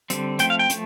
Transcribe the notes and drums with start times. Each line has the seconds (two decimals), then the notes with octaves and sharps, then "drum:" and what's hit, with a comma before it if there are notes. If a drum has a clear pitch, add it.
0.10 D3 G3 C4, drum: hi-hat
0.39 F3 A3 C4 G5, drum: hi-hat
0.50 F5
0.59 G5
0.70 F3 A3, drum: hi-hat